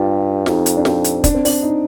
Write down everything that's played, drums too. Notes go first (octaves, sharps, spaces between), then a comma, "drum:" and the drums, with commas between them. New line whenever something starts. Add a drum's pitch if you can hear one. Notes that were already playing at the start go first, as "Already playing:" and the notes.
Already playing: G2 F4 G4
F2 D#4, drum: snare
drum: hi-hat
D4
C4, drum: snare
drum: hi-hat
D4, drum: kick, hi-hat
C4
D4, drum: open hi-hat
D#4